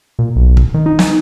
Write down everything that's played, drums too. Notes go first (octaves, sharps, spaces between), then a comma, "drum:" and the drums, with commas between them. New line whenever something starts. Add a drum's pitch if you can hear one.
A#2
B1
drum: kick
D#3
D#4
drum: snare